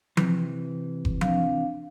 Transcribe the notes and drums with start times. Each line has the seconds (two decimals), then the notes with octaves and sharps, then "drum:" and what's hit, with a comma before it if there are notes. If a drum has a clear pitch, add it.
0.17 C3 E3, drum: tom F3
1.05 drum: kick F#1
1.21 C4 D4 F5, drum: tom F3